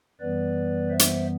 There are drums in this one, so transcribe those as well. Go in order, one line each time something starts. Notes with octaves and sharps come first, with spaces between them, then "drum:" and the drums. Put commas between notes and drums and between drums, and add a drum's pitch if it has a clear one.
F#2 E3 G3 B3 B4 D5
C5 E5
drum: hi-hat